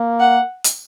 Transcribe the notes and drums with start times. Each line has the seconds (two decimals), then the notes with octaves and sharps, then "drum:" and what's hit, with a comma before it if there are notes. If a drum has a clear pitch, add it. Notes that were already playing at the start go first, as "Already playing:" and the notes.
Already playing: A#3
0.20 F#5
0.64 drum: hi-hat